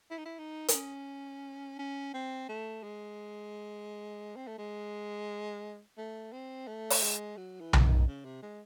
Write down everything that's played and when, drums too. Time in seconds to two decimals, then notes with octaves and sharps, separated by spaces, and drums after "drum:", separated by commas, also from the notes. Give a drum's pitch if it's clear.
0.11 E4
0.18 D#4
0.25 E4
0.38 D#4
0.68 D#4, drum: hi-hat
0.73 C#4
1.78 C#4
2.14 C4
2.48 A3
2.83 G#3
4.36 C4
4.47 A3
4.58 G#3
5.97 A3
6.33 C4
6.67 A3
6.90 drum: open hi-hat
7.02 G#3
7.37 F#3
7.60 E3
7.73 drum: tom B1
7.83 D#3
8.07 C#3
8.25 C3
8.42 G#3